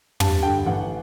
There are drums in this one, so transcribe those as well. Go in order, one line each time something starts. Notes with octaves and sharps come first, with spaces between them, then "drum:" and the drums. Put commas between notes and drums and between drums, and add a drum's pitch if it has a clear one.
G2 A5, drum: tom
D3 G5
A1 F#5